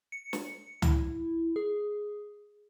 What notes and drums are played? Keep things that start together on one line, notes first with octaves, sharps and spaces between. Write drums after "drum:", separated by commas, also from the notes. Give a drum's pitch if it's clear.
C#7
drum: snare
E4, drum: tom C#2
G#4